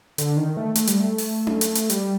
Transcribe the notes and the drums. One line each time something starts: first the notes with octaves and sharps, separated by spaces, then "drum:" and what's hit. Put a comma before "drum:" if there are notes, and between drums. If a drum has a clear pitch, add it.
D3, drum: hi-hat
D#3
A3
A3, drum: hi-hat
G3, drum: hi-hat
A3
drum: open hi-hat
drum: tom C#4
drum: hi-hat
drum: hi-hat
G3, drum: hi-hat